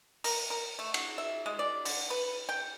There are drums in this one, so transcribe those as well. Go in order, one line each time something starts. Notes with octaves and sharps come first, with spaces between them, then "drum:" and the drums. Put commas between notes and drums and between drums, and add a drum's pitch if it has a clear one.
A#4, drum: open hi-hat
A#4
A3
F#5, drum: cymbal
E5
G#3
D5
D3, drum: open hi-hat
B4
G5